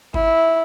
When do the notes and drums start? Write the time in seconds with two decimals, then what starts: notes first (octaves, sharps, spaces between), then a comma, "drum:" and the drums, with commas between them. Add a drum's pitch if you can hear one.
0.14 E4, drum: kick G1